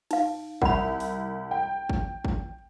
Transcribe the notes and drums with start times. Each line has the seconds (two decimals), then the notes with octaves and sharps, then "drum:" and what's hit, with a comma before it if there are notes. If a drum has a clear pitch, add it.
0.11 D#4 F5, drum: cymbal
0.62 C2 F#5 B5, drum: kick
1.00 drum: open hi-hat
1.51 G5
1.90 drum: kick
2.25 drum: kick